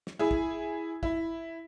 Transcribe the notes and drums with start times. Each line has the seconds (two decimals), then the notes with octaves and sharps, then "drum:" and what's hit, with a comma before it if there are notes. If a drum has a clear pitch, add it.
0.07 drum: snare
0.19 E4 G#4
0.31 drum: kick
1.03 E4, drum: kick